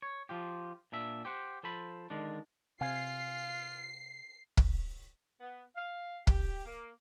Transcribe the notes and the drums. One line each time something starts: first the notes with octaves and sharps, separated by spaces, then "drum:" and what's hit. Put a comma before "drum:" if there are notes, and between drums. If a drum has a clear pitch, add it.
C#5
F3 F4 G4
A#2 D4 E5
G4 C5 F#5
F3 A4 C5 B5
D3 D#3 G#3 D4
C3 F4 F5 G#5 C7
drum: kick
B3
F5
G4, drum: kick
A#3